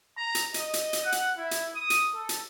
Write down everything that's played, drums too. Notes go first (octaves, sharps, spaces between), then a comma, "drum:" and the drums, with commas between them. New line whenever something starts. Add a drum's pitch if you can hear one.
A#5
drum: hi-hat
D#5, drum: hi-hat
drum: hi-hat
drum: hi-hat
F#5
drum: hi-hat
E4
drum: hi-hat
D#6
drum: hi-hat
A4
drum: hi-hat